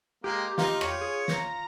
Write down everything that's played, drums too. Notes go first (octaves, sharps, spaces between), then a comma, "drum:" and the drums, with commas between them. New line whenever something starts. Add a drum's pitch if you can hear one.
G#3 A#3 G4
D#4 F4, drum: snare
C#5, drum: rim click
G#4
A#5, drum: snare